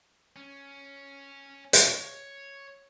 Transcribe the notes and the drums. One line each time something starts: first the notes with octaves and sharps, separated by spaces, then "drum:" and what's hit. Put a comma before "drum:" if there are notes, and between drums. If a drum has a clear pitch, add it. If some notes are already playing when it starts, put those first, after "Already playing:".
C#4
C#5, drum: hi-hat